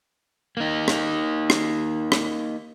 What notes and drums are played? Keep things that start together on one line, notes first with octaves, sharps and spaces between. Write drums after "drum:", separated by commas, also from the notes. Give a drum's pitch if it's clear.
A#3 D#4
drum: rim click
drum: rim click
drum: rim click